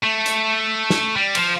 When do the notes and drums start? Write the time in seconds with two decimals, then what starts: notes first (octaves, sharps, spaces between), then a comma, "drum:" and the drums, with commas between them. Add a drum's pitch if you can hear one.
0.04 A3
0.26 drum: hi-hat
0.90 drum: snare
1.16 G3
1.35 F3, drum: cymbal